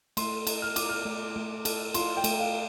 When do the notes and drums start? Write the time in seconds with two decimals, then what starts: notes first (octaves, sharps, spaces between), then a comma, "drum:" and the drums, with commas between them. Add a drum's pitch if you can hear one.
0.17 A3 C6, drum: cymbal
0.47 A4, drum: cymbal
0.62 F6
0.76 F4 D6, drum: cymbal
0.89 F6
1.06 A3
1.36 A3
1.65 A4, drum: cymbal
1.94 F4 C6, drum: cymbal
2.17 G5
2.24 A3, drum: cymbal
2.39 F5